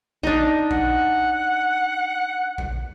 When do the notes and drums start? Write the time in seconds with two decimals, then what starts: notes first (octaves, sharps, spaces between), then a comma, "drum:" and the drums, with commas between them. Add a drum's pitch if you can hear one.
0.23 D4 D#4, drum: kick A#1
0.71 F#5, drum: kick A#1
2.58 drum: kick A#1